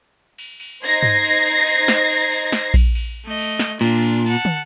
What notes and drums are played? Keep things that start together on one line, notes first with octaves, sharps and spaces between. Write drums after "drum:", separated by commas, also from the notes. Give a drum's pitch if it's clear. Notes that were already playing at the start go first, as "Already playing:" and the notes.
drum: cymbal
drum: cymbal
D#4 C5 G#6 A#6 C7, drum: cymbal
drum: tom G2
drum: cymbal
drum: cymbal
drum: cymbal
drum: snare
drum: cymbal
drum: cymbal
drum: snare
drum: kick A#1, cymbal
drum: cymbal
A3 D#5
drum: cymbal
drum: snare
A#2 D4 F4, drum: cymbal
drum: cymbal
F#5 A5, drum: cymbal
drum: tom